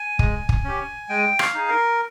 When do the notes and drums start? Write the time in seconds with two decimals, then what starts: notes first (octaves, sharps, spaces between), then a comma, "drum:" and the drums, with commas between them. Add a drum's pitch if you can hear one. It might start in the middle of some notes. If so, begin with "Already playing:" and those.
Already playing: G#5
0.19 G#3, drum: kick
0.49 drum: kick
0.64 C#4 G4
1.09 G#3 G5
1.39 F5, drum: rim click
1.54 D#4 G#4
1.69 A#4